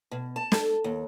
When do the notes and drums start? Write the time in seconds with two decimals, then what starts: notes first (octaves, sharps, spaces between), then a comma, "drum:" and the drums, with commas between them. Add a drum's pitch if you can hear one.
0.11 B2
0.36 A5
0.52 A4, drum: snare
0.84 D#2